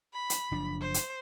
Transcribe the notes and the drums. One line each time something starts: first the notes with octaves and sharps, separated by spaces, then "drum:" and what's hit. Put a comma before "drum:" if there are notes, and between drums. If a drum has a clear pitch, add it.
B5
drum: hi-hat
F#1 F3 D4
C5
drum: hi-hat